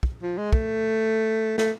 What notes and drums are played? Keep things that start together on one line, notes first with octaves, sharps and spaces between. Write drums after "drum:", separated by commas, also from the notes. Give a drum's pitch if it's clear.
drum: kick
F3
G#3
A3, drum: kick
A3, drum: snare